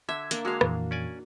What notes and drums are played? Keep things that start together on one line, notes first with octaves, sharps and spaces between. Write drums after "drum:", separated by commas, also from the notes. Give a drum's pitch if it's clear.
D3 E5 G#6
A#3 D4, drum: hi-hat
D3 G#3 F#4 F5
F2 A#2 E3, drum: rim click
C#4 D5 G#5